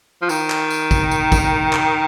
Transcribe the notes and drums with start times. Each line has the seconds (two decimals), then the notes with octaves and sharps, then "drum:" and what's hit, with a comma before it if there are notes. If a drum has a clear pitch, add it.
0.22 F3
0.29 D#3, drum: tambourine
0.50 drum: clap
0.70 drum: tambourine
0.91 drum: kick, tambourine
1.11 drum: tambourine
1.32 drum: kick, tambourine
1.73 drum: clap